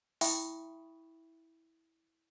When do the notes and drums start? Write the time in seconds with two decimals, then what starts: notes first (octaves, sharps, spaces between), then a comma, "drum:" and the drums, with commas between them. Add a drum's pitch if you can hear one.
0.21 E4 E5 G5 B5 C#6 D#6, drum: open hi-hat